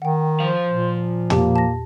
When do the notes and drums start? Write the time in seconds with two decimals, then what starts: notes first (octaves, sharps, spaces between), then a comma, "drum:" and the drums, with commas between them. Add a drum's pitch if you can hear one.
0.02 D#3 F#5 G5
0.40 F3 C5 F5
0.68 A#2
1.30 A#3 G4 A5, drum: tom
1.56 A5 A#6